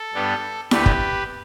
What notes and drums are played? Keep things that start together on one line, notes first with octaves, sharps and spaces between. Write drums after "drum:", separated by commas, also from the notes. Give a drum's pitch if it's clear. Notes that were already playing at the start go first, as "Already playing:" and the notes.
Already playing: A4
G2 G3 B3 D4
D2 D3 A3 D4 G4 B4, drum: snare E4
drum: kick